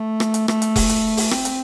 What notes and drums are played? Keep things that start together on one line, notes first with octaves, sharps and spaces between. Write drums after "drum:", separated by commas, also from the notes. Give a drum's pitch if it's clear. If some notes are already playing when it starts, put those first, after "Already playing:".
Already playing: A3
drum: rim click
drum: hi-hat
A3, drum: rim click
drum: hi-hat
drum: kick E1, open hi-hat
drum: hi-hat
drum: open hi-hat
C4, drum: rim click
drum: hi-hat